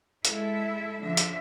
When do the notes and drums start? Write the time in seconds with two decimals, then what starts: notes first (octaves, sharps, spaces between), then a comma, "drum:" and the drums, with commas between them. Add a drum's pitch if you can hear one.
0.25 G#3 E4 A4 E5, drum: hi-hat
1.01 D3 F3 E5
1.17 drum: hi-hat